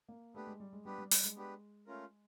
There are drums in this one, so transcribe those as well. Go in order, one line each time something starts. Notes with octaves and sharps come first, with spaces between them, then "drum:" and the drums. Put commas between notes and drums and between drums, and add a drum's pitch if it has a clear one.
A#3
A3 B3 D4 G4 B4
G#3
G3
G#3
G3 B3 D4 G4 B4
G3
G3, drum: open hi-hat
G#3
B3 D4 G4 B4
A3 C#4 F4 A#4